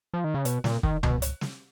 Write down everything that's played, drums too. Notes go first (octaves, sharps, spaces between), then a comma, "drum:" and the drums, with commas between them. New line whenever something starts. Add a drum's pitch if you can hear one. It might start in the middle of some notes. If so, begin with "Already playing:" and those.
F3
D#3
C#3
B2, drum: hi-hat
A#2, drum: snare
D#3, drum: kick
B2, drum: tom C#2
drum: hi-hat
drum: snare